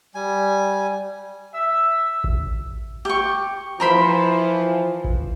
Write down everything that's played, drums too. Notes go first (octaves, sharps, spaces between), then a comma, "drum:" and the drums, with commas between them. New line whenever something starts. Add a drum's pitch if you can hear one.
G3 G#5
E5 E6
drum: kick A1
G4 C#6
E3 F3 A#4 C5 B5
drum: kick A1